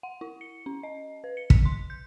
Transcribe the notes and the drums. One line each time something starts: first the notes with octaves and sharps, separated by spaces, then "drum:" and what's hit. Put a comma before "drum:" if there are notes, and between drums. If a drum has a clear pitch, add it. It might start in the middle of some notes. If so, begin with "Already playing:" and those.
F#5
E4
C#7
C#4
D#5
B4
C#7
B6, drum: kick
C6
G6